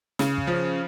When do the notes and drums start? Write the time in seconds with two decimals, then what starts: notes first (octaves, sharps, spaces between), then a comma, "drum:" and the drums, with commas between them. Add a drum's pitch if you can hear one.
0.19 C#3, drum: snare
0.38 drum: kick
0.47 F3